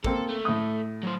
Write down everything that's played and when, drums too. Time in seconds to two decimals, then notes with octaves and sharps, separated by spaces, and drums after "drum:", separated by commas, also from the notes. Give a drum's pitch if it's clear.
0.04 A#3 C4 A4, drum: kick
0.29 A3
0.45 A2 D#6
1.03 F#3 C5